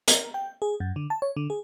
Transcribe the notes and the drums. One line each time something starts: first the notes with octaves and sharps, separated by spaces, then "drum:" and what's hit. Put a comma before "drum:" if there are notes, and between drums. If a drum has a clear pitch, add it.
A#4, drum: hi-hat
G5
G#4
F#2
D3
A5
C#5
D3
G#4